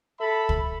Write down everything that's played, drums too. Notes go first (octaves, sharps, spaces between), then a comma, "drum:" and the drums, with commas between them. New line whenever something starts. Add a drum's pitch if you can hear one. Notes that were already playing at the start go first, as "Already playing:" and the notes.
A4 E5 B5
drum: kick